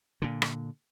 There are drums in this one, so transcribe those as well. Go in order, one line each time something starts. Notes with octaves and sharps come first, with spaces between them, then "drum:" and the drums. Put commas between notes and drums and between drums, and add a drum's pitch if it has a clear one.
A#2 D3
drum: rim click